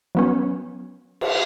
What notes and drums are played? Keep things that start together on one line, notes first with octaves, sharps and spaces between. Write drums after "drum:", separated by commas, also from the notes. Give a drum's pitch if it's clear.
F#3 B3 C#4
drum: cymbal